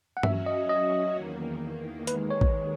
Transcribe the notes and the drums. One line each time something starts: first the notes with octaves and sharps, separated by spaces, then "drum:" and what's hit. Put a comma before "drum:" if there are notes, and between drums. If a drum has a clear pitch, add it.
F#5
F#3 C#4 F#4 E5, drum: tom G2
D#5
D#5
E2 D#3 A#3
D#2 D#3 G#3 B4, drum: hi-hat
C#5
drum: kick